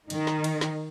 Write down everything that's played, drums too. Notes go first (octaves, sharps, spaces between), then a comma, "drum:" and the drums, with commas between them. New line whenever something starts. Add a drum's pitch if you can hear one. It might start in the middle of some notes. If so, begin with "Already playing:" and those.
D#3, drum: cymbal
drum: snare
drum: cymbal
drum: snare